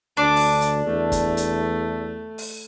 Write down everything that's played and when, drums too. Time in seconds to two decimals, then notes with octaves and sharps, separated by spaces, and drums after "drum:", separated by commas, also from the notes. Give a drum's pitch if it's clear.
0.17 D2 D4 D6
0.36 drum: open hi-hat
0.61 drum: hi-hat
0.86 E2 A3
1.12 drum: kick, hi-hat
1.37 drum: hi-hat
2.38 drum: open hi-hat